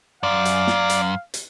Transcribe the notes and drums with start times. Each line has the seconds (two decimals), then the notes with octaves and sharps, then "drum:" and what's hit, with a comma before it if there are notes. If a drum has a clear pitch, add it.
0.23 F#2 D5 F5
0.45 drum: hi-hat
0.67 drum: snare
0.89 drum: hi-hat
1.34 drum: hi-hat